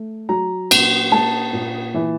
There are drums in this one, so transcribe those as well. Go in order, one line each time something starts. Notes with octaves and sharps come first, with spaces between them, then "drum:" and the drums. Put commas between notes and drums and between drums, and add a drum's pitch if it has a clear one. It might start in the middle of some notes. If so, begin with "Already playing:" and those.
Already playing: A3
F#3 A#5
A#2, drum: cymbal
A#3 A5
A#2
E3